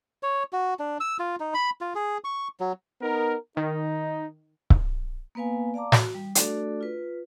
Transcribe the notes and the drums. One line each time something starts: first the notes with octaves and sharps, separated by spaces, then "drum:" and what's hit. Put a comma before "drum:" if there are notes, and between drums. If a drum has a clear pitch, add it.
C#5
F#4
D4
E6
F4
D#4
B5
F4
G#4
C#6
F#3
B3 D#4 A#4
D#3 D#4
drum: kick C#1
A#3 B3 B4 F5 G#5
D5 F5 A5 A#5 D6
F#4, drum: snare
G3
A3 D4 F#4 A4 D5, drum: hi-hat
F4 B4